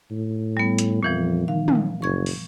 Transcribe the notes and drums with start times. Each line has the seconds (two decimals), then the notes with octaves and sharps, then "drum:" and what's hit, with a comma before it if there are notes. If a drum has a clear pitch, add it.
0.11 A2
0.57 G3 B3
0.78 drum: hi-hat
1.03 F2 A#2 E3 F3
1.48 D#3 F5
1.68 drum: tom
2.02 F#1 C#6 G#6
2.26 drum: open hi-hat